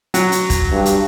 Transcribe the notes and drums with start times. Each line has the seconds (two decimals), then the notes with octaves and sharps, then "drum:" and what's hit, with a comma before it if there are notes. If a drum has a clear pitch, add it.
0.14 F#3, drum: hi-hat
0.32 drum: hi-hat
0.50 drum: kick, hi-hat
0.72 G2
0.86 drum: hi-hat